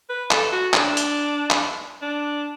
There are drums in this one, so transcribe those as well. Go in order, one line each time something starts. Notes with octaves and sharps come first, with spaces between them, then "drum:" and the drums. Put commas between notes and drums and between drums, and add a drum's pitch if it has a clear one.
B4
A4, drum: clap
F#4
D4, drum: clap
drum: hi-hat
drum: clap
D4